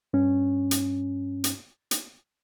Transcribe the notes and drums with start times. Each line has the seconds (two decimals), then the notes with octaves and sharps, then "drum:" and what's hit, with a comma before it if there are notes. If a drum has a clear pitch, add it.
0.13 G2 C#4
0.71 drum: hi-hat
1.44 drum: hi-hat
1.91 drum: hi-hat